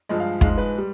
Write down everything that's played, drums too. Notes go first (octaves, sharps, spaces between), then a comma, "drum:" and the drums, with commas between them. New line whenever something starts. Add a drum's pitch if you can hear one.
G2 F3 G#3 D#5
F5
G#2 F3 G#3 F5, drum: kick
B4
G3